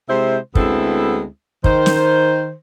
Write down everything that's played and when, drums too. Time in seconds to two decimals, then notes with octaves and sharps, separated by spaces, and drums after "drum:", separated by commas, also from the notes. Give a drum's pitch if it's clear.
0.09 C3 G#3 E4 C5
0.55 D2 G#3 B3 C4 E4 A4, drum: kick
1.64 D#3 C5, drum: kick
1.86 drum: snare